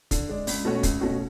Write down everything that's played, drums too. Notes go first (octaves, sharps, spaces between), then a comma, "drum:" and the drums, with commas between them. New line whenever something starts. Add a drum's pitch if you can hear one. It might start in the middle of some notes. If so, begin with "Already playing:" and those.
D3, drum: kick, hi-hat
G#3 D4
C#2, drum: open hi-hat
B2 A3 C#4 F#4
C#2, drum: kick, hi-hat
B2 A3 C#4 F#4